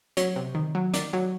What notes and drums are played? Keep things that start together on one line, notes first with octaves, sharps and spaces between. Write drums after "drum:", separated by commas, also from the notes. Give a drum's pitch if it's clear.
F#3 C#5, drum: hi-hat
C3
D#3
F#3
D#3 D5, drum: hi-hat
F#3